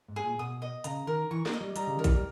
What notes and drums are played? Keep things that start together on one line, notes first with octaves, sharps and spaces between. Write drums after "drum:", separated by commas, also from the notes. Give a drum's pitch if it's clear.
G#2
G#4
A#2
B2 D#6
D#5
C#3 A#5, drum: hi-hat
D#3 A#4
E3 C#6
A#3, drum: snare
D#5
G3
G3 A#5, drum: hi-hat
C#3
D#3 A#4
E3, drum: kick A#1, hi-hat
G3